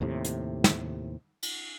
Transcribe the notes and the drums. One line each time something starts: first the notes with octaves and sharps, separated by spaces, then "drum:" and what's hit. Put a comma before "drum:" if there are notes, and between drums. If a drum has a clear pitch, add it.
D#2 A2 C3
drum: hi-hat
drum: snare
drum: cymbal